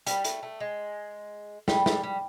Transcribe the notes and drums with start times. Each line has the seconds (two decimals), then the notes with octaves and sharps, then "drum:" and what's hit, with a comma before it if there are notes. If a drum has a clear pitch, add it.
0.07 G3, drum: hi-hat
0.24 A3, drum: hi-hat
0.43 A3
0.60 G#3
1.68 G3, drum: snare
1.86 G3, drum: snare
2.03 G3